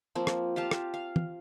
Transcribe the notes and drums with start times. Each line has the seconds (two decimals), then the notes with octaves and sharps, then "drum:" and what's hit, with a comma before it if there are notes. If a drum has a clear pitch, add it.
0.15 F3 A#3 C4
0.27 drum: rim click
0.56 F4 G4 F5 A5
0.71 drum: rim click
0.94 F5
1.16 drum: tom